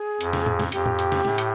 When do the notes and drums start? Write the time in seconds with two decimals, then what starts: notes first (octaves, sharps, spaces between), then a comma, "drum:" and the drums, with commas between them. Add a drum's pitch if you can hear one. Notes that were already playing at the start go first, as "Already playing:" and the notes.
Already playing: G#4
0.21 F2, drum: hi-hat
0.33 drum: snare
0.46 drum: tom A2
0.59 drum: snare
0.72 F2 G4, drum: hi-hat
0.86 drum: tom A2
0.99 drum: hi-hat
1.12 drum: snare
1.25 A2, drum: snare
1.38 drum: hi-hat